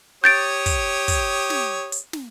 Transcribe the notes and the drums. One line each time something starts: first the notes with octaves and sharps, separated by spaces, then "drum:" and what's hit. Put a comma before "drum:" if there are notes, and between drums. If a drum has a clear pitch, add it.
G4 C#5 D#6 G6 A6 D7
drum: kick, hi-hat
drum: kick, hi-hat
drum: snare
drum: hi-hat
drum: snare